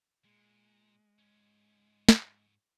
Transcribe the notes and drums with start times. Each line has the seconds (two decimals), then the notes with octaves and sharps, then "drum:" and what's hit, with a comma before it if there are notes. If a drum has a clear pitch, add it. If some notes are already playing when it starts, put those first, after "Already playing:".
0.25 A#2 G#3
1.19 G#2 C#4
2.09 drum: snare